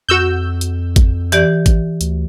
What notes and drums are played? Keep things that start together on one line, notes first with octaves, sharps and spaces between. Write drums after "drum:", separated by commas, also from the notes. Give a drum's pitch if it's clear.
F2 F#4 E6 G6
drum: hi-hat
drum: kick A1, hi-hat
E3 G4 D5, drum: hi-hat
drum: kick A1, hi-hat
D2, drum: hi-hat